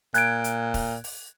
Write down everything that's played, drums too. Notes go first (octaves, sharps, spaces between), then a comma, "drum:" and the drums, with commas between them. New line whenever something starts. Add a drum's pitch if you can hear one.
A#2 F#6 G#6 D7, drum: hi-hat
drum: hi-hat
drum: kick, open hi-hat
drum: open hi-hat